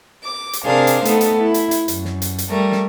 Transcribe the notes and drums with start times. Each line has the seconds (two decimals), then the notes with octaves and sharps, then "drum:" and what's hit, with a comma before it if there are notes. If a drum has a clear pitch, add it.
0.24 D6
0.53 drum: hi-hat
0.65 C3 D4 G#4 A#4 C5 F5
0.87 drum: hi-hat
1.05 A3 B3 D#4 A4, drum: hi-hat
1.21 drum: hi-hat
1.41 E4
1.54 drum: hi-hat
1.71 drum: hi-hat
1.88 F#2, drum: hi-hat
2.05 drum: snare
2.22 drum: hi-hat
2.38 drum: hi-hat
2.49 G3 A3 A#4
2.72 drum: snare